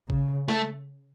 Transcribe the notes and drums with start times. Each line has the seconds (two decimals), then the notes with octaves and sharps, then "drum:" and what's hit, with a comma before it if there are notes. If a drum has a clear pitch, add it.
0.10 C#3, drum: kick
0.48 A3, drum: snare